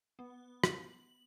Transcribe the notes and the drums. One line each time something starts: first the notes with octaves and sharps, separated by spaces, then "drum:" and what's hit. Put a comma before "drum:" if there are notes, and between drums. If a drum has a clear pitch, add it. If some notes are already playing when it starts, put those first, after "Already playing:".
B3
F#7, drum: rim click